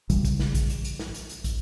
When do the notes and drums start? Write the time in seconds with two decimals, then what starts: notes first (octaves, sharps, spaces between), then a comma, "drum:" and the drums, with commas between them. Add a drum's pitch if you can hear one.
0.10 B1 C#3 E3 G3, drum: hi-hat
0.25 drum: kick, hi-hat
0.40 drum: snare
0.55 drum: kick, hi-hat
0.70 drum: hi-hat
0.85 drum: hi-hat
0.99 drum: snare
1.14 drum: hi-hat
1.29 drum: hi-hat
1.44 drum: kick, hi-hat